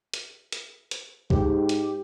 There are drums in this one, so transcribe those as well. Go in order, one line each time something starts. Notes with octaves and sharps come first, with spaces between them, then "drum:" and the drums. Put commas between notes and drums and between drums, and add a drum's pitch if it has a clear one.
drum: hi-hat
drum: hi-hat
drum: hi-hat
G#2 G4, drum: kick
drum: hi-hat